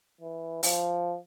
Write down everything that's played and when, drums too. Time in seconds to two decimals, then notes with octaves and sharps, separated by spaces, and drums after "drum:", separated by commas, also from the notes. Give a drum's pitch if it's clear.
0.21 E3
0.63 F3, drum: open hi-hat